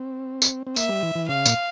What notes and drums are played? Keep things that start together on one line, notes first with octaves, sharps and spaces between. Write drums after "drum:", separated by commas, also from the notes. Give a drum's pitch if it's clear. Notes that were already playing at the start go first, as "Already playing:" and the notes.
Already playing: C4
drum: tambourine
C4
A#3 E5, drum: tambourine
G3
E3
E3
C#3 F5
A#2, drum: tambourine